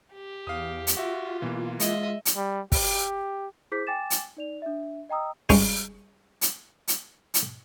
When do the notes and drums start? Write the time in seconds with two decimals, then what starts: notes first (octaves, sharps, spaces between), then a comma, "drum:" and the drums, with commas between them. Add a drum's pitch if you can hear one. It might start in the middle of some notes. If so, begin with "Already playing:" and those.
0.13 G4
0.47 E2 F5 D#6
0.87 drum: hi-hat
0.97 F4 F#4 E5
1.42 B1 B2 E3 A#3
1.80 G#3 D#5 E5, drum: hi-hat
2.25 drum: hi-hat
2.36 G3
2.72 G4, drum: kick, open hi-hat
3.72 E4 G#4 C5 D6 G6 B6
3.87 G5 G#5 D6 A6 E7
4.10 drum: hi-hat
4.37 D#4 D5 F7
4.62 D4 E5
5.09 D#5 G5 A#5 D#6 E6
5.49 G2 G#3 C#4 D#4, drum: kick, open hi-hat
6.41 drum: hi-hat
6.88 drum: hi-hat
7.34 drum: hi-hat